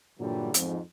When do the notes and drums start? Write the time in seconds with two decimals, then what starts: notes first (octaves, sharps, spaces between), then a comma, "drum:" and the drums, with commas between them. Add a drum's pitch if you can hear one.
0.19 G2 A#2 D3 E3 F#3 G3
0.54 F2 G#2, drum: hi-hat